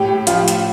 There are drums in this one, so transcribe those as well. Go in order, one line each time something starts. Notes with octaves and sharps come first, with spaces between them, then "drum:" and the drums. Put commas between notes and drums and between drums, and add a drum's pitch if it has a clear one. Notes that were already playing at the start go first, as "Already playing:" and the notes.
Already playing: A2 G4
F3 F4, drum: hi-hat
drum: hi-hat